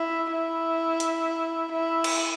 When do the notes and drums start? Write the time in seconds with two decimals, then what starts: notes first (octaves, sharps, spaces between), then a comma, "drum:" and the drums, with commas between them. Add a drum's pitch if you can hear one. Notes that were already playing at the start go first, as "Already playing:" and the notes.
Already playing: E4
0.31 E4
1.00 drum: hi-hat
1.72 E4
2.04 drum: cymbal